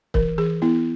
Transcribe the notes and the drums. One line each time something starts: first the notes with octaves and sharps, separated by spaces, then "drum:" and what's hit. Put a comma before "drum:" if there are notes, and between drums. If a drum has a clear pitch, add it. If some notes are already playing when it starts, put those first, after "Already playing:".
E3 A#4, drum: kick
E3 G#4
B3 E4